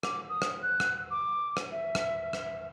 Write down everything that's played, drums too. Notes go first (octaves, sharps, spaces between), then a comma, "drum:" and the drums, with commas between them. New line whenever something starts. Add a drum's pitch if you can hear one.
D6, drum: rim click
D#6
drum: rim click
F#6
drum: rim click
D6
drum: rim click
E5
drum: rim click
drum: rim click